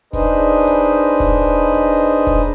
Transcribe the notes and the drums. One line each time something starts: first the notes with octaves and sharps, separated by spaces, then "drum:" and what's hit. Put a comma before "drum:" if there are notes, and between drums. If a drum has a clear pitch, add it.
D4 D#4 G#4 B4 C5 D#5, drum: kick E1, hi-hat
drum: hi-hat
drum: kick E1, hi-hat
drum: hi-hat
drum: kick E1, hi-hat